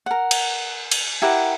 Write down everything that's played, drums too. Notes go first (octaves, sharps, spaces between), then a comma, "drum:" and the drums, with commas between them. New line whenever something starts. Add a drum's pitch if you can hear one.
A#4 F#5
drum: cymbal
drum: cymbal
E4 G4 A#4 F#5